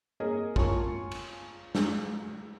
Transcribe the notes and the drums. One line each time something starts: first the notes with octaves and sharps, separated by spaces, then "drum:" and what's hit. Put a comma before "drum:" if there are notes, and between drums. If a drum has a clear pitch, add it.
A#3 G#4 A#4 C#5 D#5 G#5
F4 A#4 C#5 G#5 A5 C#6, drum: kick
drum: cymbal
drum: snare